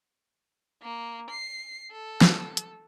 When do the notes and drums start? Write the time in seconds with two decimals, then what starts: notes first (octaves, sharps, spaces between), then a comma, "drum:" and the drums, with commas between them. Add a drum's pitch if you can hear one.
0.82 A#3
1.30 C7
1.92 A4
2.21 drum: snare
2.57 drum: hi-hat